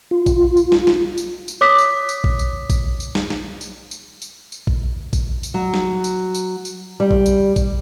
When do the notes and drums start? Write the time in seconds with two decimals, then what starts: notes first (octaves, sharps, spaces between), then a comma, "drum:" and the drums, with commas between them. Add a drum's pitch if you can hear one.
0.11 F4
0.26 drum: kick A#1, tambourine
0.57 drum: tambourine
0.72 drum: snare
0.87 drum: snare
1.18 drum: tambourine
1.48 drum: tambourine
1.61 C#5 D6 D#6 B6
1.78 drum: tambourine
2.09 drum: tambourine
2.24 drum: kick A#1
2.39 drum: tambourine
2.70 drum: kick A#1, tambourine
3.00 drum: tambourine
3.15 drum: snare
3.30 drum: snare
3.61 drum: tambourine
3.91 drum: tambourine
4.22 drum: tambourine
4.52 drum: tambourine
4.67 drum: kick A#1
5.13 drum: kick A#1, tambourine
5.43 drum: tambourine
5.54 F#3
5.74 drum: snare
6.04 drum: tambourine
6.35 drum: tambourine
6.65 drum: tambourine
7.00 G3
7.11 drum: kick A#1
7.26 drum: tambourine
7.56 drum: kick A#1, tambourine